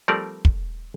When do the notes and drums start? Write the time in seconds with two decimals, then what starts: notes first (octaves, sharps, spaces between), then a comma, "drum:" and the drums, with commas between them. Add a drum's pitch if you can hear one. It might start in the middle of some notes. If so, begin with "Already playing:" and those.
0.08 F3 G3 A3 C4 A#4 D5
0.45 drum: kick